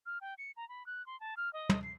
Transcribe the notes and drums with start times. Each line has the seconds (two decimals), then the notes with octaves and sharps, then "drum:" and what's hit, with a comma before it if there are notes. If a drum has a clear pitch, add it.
0.06 F6
0.21 G5
0.38 C#7
0.57 A#5
0.69 B5
0.87 F#6
1.06 C6
1.20 A5
1.37 F6
1.53 D#5
1.70 drum: tom
1.83 C7